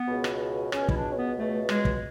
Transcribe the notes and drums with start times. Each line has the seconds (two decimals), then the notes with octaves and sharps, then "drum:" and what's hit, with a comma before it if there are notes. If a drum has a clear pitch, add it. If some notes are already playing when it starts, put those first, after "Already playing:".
Already playing: B3
0.08 C#2 B2
0.24 drum: rim click
0.72 C#2 B2 C#4, drum: rim click
0.89 E4, drum: kick
0.94 D4
1.11 C#4
1.15 B3
1.37 C#2 B2 A3
1.69 G#3, drum: rim click
1.85 drum: kick